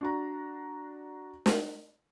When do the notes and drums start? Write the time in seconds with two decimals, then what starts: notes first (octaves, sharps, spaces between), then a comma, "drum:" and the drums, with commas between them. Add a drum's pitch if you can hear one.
0.01 D4 F#4 A#5
1.46 drum: snare